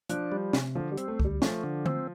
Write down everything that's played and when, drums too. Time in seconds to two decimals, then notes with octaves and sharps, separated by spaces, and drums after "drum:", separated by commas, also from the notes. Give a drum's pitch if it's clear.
0.09 F3 D4, drum: hi-hat
0.32 G3
0.53 C3, drum: snare
0.75 D3 F3
0.92 G3
0.98 C4, drum: hi-hat
1.08 A3
1.20 D2 G3, drum: kick C2
1.42 F3 A3, drum: snare
1.64 D3
1.86 C4, drum: tom D3